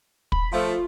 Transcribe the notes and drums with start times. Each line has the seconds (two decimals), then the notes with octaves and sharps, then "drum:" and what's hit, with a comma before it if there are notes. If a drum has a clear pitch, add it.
0.32 B5, drum: kick
0.53 F3 A3 F4